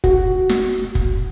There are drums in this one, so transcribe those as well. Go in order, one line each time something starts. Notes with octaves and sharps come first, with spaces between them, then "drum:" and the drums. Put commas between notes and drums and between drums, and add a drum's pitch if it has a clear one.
F#4, drum: kick
drum: snare
drum: kick